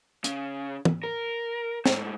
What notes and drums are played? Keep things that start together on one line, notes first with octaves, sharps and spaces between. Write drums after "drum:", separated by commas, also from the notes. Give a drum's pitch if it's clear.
C#3, drum: hi-hat
drum: tom
A#4
G#2 A3, drum: snare